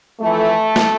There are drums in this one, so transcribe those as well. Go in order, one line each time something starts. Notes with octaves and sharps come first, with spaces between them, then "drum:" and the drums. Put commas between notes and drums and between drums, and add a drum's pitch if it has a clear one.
F2 E3 A3
drum: snare